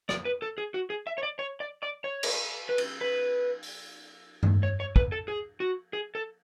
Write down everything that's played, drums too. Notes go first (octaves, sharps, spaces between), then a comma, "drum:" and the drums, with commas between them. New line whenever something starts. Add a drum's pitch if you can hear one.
D5, drum: rim click
B4
A4
G#4
F#4
G#4
E5
C#5
D5
C#5
D5
D5
C#5
drum: cymbal
B4
drum: cymbal
B4
drum: open hi-hat
drum: tom G2
C#5
C#5
B4, drum: kick
A4
G#4
F#4
G#4
A4